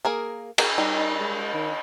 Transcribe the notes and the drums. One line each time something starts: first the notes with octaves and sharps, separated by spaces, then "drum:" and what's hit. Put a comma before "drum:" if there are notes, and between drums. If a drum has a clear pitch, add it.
A#3 G#4 A#4
F#4 G#4 A#4, drum: cymbal
G3 D#4
D#4
G#3
D#3